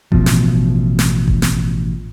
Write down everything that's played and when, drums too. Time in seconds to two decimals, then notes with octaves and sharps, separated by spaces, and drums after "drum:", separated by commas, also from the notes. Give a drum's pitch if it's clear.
0.12 A1 B2 F3, drum: kick F#1
0.26 drum: snare
0.99 drum: snare
1.28 drum: kick F#1
1.42 drum: snare